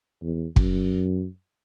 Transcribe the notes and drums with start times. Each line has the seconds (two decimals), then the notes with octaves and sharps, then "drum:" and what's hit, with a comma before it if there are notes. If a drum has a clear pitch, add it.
0.23 E2
0.56 F#2, drum: kick